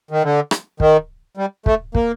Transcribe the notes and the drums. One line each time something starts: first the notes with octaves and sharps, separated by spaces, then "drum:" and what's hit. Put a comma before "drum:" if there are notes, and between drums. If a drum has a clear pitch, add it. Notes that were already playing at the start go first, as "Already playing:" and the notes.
D#3
D3
drum: rim click
D#3, drum: kick
G3
A3, drum: kick
A#3, drum: kick